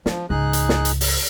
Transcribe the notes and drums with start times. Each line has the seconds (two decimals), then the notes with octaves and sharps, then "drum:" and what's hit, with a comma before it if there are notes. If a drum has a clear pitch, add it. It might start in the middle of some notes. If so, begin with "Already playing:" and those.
0.06 F3 D4, drum: snare
0.30 C#2 G#2 D#4 G#4 F#6
0.53 drum: hi-hat
0.69 drum: snare
0.85 drum: hi-hat
1.01 drum: open hi-hat